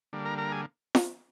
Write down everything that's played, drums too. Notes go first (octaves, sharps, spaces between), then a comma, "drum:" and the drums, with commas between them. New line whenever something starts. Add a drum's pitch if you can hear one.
D3 G3 A#3
A#4 A#5
A#4 A#5
G#4 G#5
drum: snare